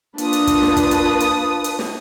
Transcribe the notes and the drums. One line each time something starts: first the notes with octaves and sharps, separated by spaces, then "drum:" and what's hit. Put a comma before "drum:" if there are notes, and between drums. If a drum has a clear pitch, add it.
A#3 D4 F4 B4 A5 D#6, drum: hi-hat
drum: hi-hat
drum: kick, hi-hat
drum: snare
drum: kick, hi-hat
drum: hi-hat
drum: hi-hat
drum: hi-hat
drum: snare